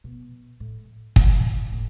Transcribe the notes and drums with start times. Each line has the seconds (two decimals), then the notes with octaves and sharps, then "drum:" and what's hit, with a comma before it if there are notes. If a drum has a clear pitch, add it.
0.04 B2
0.60 A2
1.16 F2, drum: kick
1.72 A2